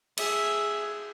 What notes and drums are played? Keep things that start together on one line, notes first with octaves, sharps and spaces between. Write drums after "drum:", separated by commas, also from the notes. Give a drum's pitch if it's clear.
G#4 E5, drum: cymbal